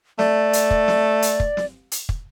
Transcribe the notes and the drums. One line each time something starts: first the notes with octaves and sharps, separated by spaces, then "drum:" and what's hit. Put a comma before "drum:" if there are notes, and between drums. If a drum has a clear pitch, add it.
A3 D5, drum: snare
drum: hi-hat
drum: kick
drum: snare
drum: hi-hat
drum: kick
drum: snare
drum: hi-hat
drum: kick